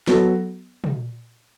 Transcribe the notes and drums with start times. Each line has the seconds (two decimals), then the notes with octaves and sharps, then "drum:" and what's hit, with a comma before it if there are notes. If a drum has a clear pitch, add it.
0.08 F#3 B3 F#4 A4, drum: snare
0.84 drum: tom